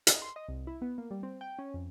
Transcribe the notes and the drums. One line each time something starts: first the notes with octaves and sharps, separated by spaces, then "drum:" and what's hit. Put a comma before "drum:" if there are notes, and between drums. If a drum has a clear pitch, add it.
D#5, drum: hi-hat
C6
D#5
C2
E4
B3
A#3
G3
C4
G5
C#4
F2